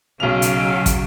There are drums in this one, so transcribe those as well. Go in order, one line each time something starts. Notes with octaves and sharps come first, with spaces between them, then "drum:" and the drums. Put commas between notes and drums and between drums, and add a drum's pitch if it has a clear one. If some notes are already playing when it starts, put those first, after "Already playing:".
B1 C#3 F#3 G#4 D#5 F5 F7
drum: hi-hat
drum: kick, hi-hat